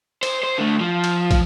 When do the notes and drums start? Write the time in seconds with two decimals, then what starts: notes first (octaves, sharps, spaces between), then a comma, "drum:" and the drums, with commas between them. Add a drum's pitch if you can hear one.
0.23 C5, drum: cymbal
0.43 C5
0.58 D3 A3
0.80 F3
1.04 drum: cymbal
1.31 drum: kick, cymbal